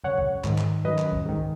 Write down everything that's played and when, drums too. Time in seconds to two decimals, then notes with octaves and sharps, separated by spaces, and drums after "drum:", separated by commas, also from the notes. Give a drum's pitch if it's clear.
0.04 F#2 C#3 C#5 F#5
0.18 drum: kick C2
0.44 G#2 D#3, drum: clap
0.58 drum: clap
0.85 F#2 D#3 B4 D#5
0.98 drum: clap
1.12 drum: kick C2
1.25 G#2 D#3